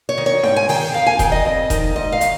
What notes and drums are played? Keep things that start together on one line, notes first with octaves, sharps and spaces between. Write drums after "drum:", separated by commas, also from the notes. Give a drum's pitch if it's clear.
C#5
D#3
C#5
G#2 G5, drum: snare D#4
G#5
D#3 G5, drum: open hi-hat
F2 F5
G#5
D#3 G5, drum: kick F1, hi-hat
D#5
F2
D#3, drum: kick F1, hi-hat
G#2 D#5
F5
D#3, drum: hi-hat